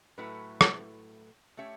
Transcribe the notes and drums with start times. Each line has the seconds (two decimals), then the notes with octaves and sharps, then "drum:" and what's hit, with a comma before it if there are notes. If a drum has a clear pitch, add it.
0.18 A2 F#3 A3 E4 B4
0.61 drum: rim click
1.57 A3 C#4 G4 C#5 E5